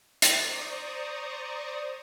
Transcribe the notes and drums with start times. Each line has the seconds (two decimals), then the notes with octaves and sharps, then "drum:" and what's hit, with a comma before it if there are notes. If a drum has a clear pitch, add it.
0.22 C5 D5 A#5 C#6 D#6, drum: hi-hat